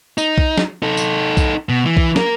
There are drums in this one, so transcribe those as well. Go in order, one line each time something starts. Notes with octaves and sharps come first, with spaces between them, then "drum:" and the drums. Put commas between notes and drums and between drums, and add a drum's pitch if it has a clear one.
D#4, drum: tambourine
drum: kick B1
drum: snare
D#4 A4
drum: tambourine
drum: kick B1, tambourine
B2
E3
drum: kick B1
A#3 A#4, drum: snare